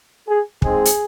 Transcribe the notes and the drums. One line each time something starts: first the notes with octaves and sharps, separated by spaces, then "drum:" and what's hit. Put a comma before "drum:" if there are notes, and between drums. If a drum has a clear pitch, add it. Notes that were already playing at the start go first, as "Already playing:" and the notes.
G#4
G#2 G#3 C4 G#4, drum: kick
drum: hi-hat